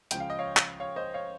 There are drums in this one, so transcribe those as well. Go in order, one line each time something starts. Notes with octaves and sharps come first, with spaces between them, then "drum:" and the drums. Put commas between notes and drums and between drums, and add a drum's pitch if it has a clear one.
C#2 C#3 F3 G5, drum: hi-hat
F5
D#5
C#5 F5
drum: clap
C#5 F5
C5 D#5
C#5 F5